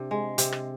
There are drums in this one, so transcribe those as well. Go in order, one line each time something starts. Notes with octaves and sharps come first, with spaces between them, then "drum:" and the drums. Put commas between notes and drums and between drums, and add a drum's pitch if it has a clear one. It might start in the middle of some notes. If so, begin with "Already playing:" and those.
Already playing: C3 D4
G#3
C3, drum: hi-hat
drum: rim click